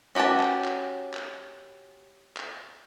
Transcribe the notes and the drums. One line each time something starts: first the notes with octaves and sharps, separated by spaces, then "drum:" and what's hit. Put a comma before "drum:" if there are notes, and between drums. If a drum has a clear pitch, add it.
C#4 F#4 G4 B4 A5
drum: clap
drum: clap
drum: clap
drum: clap